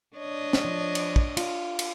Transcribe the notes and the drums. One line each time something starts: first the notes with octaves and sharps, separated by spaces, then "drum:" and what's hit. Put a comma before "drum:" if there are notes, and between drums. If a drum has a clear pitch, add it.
D4 C#5 D#5
drum: snare
F3
drum: cymbal
drum: kick
F4, drum: cymbal
drum: cymbal